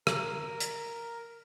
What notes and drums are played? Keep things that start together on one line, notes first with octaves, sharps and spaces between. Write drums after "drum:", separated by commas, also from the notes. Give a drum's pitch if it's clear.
A#4, drum: rim click
drum: hi-hat